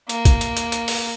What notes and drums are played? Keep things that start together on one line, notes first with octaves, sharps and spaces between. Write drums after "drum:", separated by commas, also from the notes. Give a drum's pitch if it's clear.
A#3, drum: hi-hat
drum: kick, hi-hat
drum: hi-hat
drum: hi-hat
drum: hi-hat
drum: open hi-hat